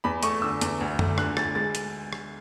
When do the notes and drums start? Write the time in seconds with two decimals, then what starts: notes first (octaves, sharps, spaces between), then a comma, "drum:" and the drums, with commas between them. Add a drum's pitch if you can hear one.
0.04 E2 B5
0.23 A3 C#6, drum: hi-hat
0.42 D3 E6
0.61 E2, drum: hi-hat
0.81 D2
0.99 A3, drum: tom F#2
1.18 D3 F#6, drum: rim click
1.37 D2 A6, drum: rim click
1.55 G#3 A6
1.75 drum: hi-hat
2.13 drum: rim click